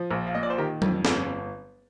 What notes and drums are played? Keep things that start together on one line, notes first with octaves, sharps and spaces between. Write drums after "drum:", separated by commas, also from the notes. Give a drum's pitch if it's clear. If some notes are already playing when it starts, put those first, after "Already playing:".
Already playing: F3
A#1
F5
A#2 D#5
D5
C5
D#3 G4 A#4
F2, drum: tom F#3
G1 F4 A4, drum: snare